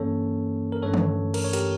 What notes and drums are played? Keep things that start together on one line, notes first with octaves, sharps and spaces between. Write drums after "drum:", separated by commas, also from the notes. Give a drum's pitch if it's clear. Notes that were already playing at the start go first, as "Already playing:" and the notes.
Already playing: G2 E3 A#3 C#4 A4 C#5
A#4
G2 E3 A3 C#4 A4 C#5
drum: tom
A#4, drum: cymbal
C#5
G4 A#4, drum: hi-hat